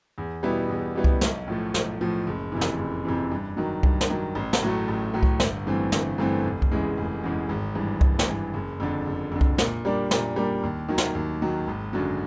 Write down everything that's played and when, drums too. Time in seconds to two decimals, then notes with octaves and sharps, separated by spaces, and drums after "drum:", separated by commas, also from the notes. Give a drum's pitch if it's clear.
0.18 E2
0.43 B2 G3 B3 E4
0.69 E2
0.95 B2 G3 B3 E4
1.04 drum: kick C2
1.21 B1, drum: snare
1.47 A2 F3 A3
1.74 B1, drum: snare
2.01 A2 F3 A3
2.27 F#1
2.52 F2 C3 E3
2.61 drum: snare
2.79 F#1
3.05 F2 C3 E3
3.32 G2
3.57 D#3 F#3
3.83 G2, drum: kick C2
4.01 drum: snare
4.10 D#3 F#3
4.35 A1
4.53 drum: snare
4.62 A2 F#3 A3
4.88 A1
5.14 A2 F#3 A3
5.23 drum: kick C2
5.40 G1, drum: snare
5.67 G2 E3 A3 C4
5.92 G1, drum: snare
6.18 G2 E3 A3 C4
6.44 F1
6.62 drum: kick C2
6.71 E2 C#3 E3 G#3
6.97 F1
7.24 E2 C#3 E3 G#3
7.49 G#1
7.75 G2 E3
8.01 G#1, drum: kick C2
8.19 drum: snare
8.28 G2 E3
8.54 F#1
8.80 F2 D3
9.06 F#1
9.32 F2 D3
9.41 drum: kick C2
9.58 A#2, drum: snare
9.85 G3 A#3 D4
10.11 A#2, drum: snare
10.36 G3 A#3 D4
10.63 D#2
10.89 D#3 F#3
10.98 drum: snare
11.15 D#2
11.42 D#3 F#3
11.68 G#1
11.93 F#2 D3 F#3